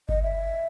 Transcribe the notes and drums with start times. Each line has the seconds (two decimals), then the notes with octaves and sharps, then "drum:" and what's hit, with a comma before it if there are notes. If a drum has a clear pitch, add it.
0.09 D#5, drum: kick G1
0.23 E5